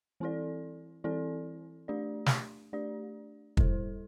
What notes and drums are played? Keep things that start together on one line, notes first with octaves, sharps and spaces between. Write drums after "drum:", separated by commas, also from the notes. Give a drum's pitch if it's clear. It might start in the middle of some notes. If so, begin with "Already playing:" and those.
E3 C4 E4 A4 D5
E3 C4 E4 A4 D5
A3 D4 G4 D5
drum: snare
A3 D4 G4 D5
G3 E4 A4 C5, drum: kick